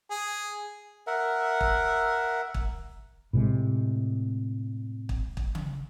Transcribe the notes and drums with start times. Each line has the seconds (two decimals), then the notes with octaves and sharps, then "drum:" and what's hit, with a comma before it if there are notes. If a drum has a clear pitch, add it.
0.10 G#4
1.07 A#4 E5 F#5
1.60 drum: kick
2.54 drum: kick
3.33 A2 C3 G#3
5.09 drum: kick
5.37 drum: kick
5.55 drum: tom C#3